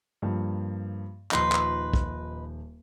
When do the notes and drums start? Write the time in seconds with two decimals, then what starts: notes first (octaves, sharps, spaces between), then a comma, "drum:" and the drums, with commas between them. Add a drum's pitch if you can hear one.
0.22 G2 F3 A#3
1.31 D#1 F3 D#4 B4 C6, drum: clap
1.52 drum: clap
1.93 drum: kick